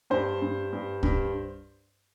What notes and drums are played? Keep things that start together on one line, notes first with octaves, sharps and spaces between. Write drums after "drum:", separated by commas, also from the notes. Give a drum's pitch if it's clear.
G2 C5
G2
G2
G2, drum: kick